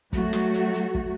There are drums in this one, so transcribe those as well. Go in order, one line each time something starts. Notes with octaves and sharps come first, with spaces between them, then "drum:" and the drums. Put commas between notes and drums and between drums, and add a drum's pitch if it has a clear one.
F#3 A3 F#4, drum: kick, hi-hat
drum: snare
drum: hi-hat
drum: hi-hat
drum: kick